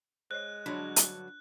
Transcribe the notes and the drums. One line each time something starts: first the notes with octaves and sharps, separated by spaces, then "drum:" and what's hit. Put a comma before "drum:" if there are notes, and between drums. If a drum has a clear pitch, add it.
G#3 C5 C#5 D#5 F#6
G2 D3 F#3 D4 C#5 C6
drum: hi-hat